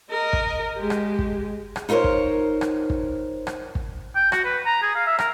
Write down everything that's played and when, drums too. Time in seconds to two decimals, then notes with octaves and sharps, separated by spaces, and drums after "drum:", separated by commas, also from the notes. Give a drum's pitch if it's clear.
0.10 A#4 D#5
0.33 drum: kick
0.76 G#3 G4
0.90 drum: rim click
1.19 drum: kick
1.76 drum: rim click
1.89 D#4 F4 A#4 C5 C#5
2.04 drum: kick
2.61 drum: rim click
2.90 drum: kick
3.47 drum: rim click
3.75 drum: kick
4.15 G5
4.32 F#4, drum: rim click
4.44 B4
4.65 A#5
4.82 G#4
4.95 F5
5.07 E5
5.19 A#4, drum: rim click